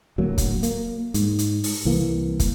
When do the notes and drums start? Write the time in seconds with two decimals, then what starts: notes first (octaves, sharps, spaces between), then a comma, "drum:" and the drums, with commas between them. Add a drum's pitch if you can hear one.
0.18 D1 F#3 A#3
0.38 drum: kick, hi-hat
0.63 A#3, drum: hi-hat
1.14 G#2, drum: hi-hat
1.39 drum: hi-hat
1.64 drum: open hi-hat
1.85 C2 E3 A#3
2.40 drum: kick, hi-hat